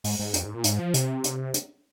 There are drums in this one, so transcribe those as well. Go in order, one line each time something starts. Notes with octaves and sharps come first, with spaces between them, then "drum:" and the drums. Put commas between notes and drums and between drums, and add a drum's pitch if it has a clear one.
G#2, drum: open hi-hat
G#2
F2, drum: hi-hat
G#2
A#2
G#2, drum: hi-hat
F3
C3, drum: hi-hat
drum: hi-hat
drum: hi-hat